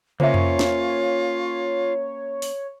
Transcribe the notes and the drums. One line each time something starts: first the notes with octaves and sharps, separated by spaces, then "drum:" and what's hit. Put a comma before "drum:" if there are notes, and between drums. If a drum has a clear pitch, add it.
A#3 C#4 F4 C5 C#5 E5, drum: tom
drum: tom F2
drum: snare
drum: open hi-hat